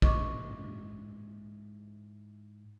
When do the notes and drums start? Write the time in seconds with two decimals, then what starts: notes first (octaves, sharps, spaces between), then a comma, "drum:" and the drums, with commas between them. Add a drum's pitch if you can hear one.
0.02 G#2 E3 G#3 D#5 C#6 D6, drum: kick A#1